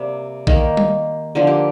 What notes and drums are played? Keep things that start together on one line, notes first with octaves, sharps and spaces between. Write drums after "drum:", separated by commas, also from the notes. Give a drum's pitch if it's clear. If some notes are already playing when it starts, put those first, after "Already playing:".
Already playing: C3 G3 A#3 D5
D#3 A#3, drum: kick A#1
drum: tom G3
D3 F3 A#3 A#4
G4